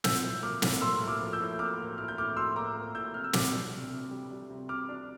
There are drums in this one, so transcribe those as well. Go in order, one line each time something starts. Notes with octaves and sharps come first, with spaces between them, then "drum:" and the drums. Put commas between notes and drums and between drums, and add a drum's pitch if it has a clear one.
F3 E6 G6, drum: snare
A2
A#3 D6 F6
A2, drum: snare
A#3 C6 E6
A2
D6 F6
F3
E6 G6
A2
A#3 D6 F6
A#3
A2 F6
G6
A2 D6 F6
A2 C6 E6
A#3 A#5 D6
A#3
A2 E6 G6
C3 F6
E6
G3 D6 F6, drum: snare
D4
C3
C3
G3
G3
C3
C3 D6 F6
D4